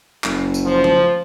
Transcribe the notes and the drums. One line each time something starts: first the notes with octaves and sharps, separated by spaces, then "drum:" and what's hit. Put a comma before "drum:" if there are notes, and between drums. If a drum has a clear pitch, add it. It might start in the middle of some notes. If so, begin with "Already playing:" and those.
F#1, drum: clap
drum: tambourine
F3 C5
drum: tom